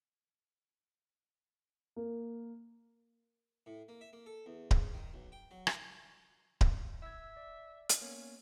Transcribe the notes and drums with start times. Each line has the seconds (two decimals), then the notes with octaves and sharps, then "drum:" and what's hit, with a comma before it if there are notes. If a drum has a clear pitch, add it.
1.96 A#3
3.66 A2
3.89 A#3
4.01 E5
4.13 A#3
4.26 A4
4.46 E2
4.71 G#2, drum: kick D1
4.94 D#3
5.14 B1
5.32 G5
5.51 F#3
5.67 drum: rim click
6.61 drum: kick D1
7.02 E5 E6 G#6
7.37 D5
7.89 drum: hi-hat
8.02 A#3 B3 C#4